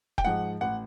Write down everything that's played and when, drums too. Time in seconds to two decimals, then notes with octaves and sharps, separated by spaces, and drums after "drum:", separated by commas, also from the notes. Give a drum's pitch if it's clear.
0.18 G5, drum: kick F1
0.25 G#2 F3 G#3 F#5
0.61 A1 F#5